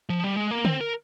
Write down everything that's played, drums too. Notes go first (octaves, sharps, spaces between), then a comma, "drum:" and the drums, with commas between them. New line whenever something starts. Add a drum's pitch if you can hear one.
F3
G3
G#3
A#3
C4, drum: tom D3
A#4